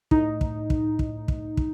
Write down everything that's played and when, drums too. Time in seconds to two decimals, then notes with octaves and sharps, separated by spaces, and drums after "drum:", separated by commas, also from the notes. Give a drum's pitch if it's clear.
0.11 A2 D#4, drum: kick
0.41 drum: kick
0.70 drum: kick
0.99 drum: kick
1.28 drum: kick
1.57 drum: kick